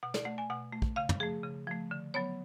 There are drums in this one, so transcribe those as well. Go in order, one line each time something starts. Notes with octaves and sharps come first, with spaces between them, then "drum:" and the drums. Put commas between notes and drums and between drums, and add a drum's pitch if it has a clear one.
B2 F#5
D5, drum: snare
A3 F#5
G#5
B2 F#5
A3
drum: kick
C#3 F5
drum: tom
F3 A3 G#4
C#3
F3 A3
D3
F#3 B3 C#5